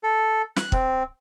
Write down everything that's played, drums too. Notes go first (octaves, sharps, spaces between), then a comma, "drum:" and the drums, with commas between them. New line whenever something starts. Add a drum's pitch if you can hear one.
A4
F#6, drum: snare
C4, drum: kick